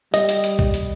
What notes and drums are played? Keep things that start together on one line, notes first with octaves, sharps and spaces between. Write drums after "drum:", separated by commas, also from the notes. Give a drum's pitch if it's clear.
G3 D#5, drum: hi-hat
drum: hi-hat
drum: hi-hat
drum: kick
drum: hi-hat